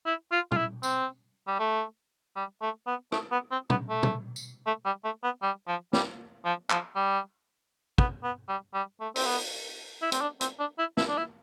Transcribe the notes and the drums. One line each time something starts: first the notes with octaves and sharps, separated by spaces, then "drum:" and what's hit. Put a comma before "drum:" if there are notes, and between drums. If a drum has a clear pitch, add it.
E4
F4
F4, drum: tom
E4
C4, drum: tambourine
G3
A3
G3
A3
B3
A3, drum: rim click
B3
C4
B3, drum: tom
A3
drum: tom
drum: tambourine
A3
G3
A3
B3
G3
F3
G3, drum: snare
F3
F3, drum: clap
G3
B3, drum: kick
B3
G3
G3
A3
C4, drum: open hi-hat
B3
E4
C4, drum: hi-hat
D4
C4, drum: hi-hat
D4
E4
E4, drum: snare
D4
E4